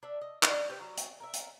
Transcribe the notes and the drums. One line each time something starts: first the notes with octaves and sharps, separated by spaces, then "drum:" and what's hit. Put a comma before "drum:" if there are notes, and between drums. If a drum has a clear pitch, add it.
D4 E5
D#5
D5, drum: clap
G4 B4 C5 G5
F#3
drum: hi-hat
A#4 E5
drum: hi-hat